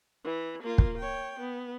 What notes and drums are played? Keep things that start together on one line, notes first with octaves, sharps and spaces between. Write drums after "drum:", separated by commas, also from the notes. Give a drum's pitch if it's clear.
E3
A#3 F4
drum: kick
C#5 G5
B3